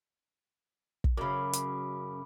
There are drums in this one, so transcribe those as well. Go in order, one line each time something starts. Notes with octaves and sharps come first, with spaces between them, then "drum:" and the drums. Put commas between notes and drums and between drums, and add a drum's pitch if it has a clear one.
drum: kick
F#2 C#3 B5 D6
drum: hi-hat